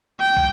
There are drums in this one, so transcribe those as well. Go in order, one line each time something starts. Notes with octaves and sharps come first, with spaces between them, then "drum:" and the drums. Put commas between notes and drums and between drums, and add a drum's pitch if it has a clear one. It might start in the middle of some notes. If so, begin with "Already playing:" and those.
G5
drum: kick